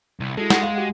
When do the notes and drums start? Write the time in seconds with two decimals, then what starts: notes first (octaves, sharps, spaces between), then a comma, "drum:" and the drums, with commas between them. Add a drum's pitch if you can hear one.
0.20 C2
0.37 G#3 E4 F#4 A4
0.50 F#5, drum: snare
0.63 F5
0.75 F#4 G4 F#5